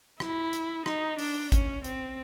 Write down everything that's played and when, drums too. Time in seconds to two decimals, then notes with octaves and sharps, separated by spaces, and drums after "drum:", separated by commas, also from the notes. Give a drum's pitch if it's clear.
0.20 E4, drum: rim click
0.53 drum: hi-hat
0.86 D#4, drum: rim click
1.19 D4, drum: open hi-hat
1.52 C#4, drum: kick G#1, hi-hat
1.84 C4, drum: hi-hat